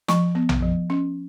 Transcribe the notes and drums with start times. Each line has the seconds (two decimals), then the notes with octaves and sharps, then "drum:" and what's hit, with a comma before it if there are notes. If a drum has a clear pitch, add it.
0.08 F3 C#6, drum: snare
0.35 B3
0.49 drum: tom A#1
0.62 F3
0.90 C#4